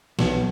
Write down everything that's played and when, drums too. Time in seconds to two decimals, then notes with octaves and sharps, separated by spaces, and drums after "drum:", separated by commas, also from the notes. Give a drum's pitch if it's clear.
0.19 B1, drum: snare